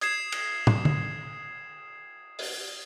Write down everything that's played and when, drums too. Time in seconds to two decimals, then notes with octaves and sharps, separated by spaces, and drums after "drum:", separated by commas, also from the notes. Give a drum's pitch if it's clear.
0.01 D#6 G#6 C7 E7, drum: hi-hat
0.32 drum: cymbal
0.67 drum: tom
0.85 drum: tom
2.39 drum: open hi-hat